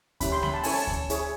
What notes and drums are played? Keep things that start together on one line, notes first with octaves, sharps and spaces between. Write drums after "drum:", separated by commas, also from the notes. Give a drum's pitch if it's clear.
C#4 E4 G4 B5, drum: kick D2, hi-hat
C6
B5, drum: snare G#3
A5
C#4 E4 A4 C#5 G#5, drum: open hi-hat
A5
drum: kick D2
E4 G#4 C#5, drum: hi-hat